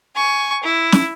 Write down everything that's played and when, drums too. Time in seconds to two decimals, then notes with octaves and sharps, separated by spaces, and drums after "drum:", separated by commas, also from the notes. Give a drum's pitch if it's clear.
0.16 G#5 C#6
0.63 E4
0.92 drum: snare